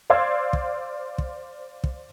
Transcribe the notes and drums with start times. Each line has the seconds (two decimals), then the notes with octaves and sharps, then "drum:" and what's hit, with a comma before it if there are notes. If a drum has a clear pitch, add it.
0.10 C5 D5 F5 C6 E6 G#6
0.53 drum: kick
1.18 drum: kick
1.84 drum: kick